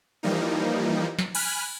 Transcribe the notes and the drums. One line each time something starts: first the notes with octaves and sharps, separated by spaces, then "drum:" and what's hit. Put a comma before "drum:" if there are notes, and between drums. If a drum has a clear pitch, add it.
E3 F3 G3 A#3 D#4
drum: snare
G#5 B5 F6 F#6, drum: cymbal